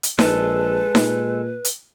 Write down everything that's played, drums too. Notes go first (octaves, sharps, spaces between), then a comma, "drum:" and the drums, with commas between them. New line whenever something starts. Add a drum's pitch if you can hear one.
drum: hi-hat
A#1 G#3 A4 B4, drum: snare D#4
A#2, drum: snare D#4
drum: hi-hat